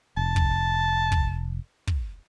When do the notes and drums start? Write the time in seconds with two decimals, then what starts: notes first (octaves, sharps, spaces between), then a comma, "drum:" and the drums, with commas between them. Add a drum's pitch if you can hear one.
0.17 F1 A5
0.36 drum: kick
1.12 drum: kick
1.87 drum: kick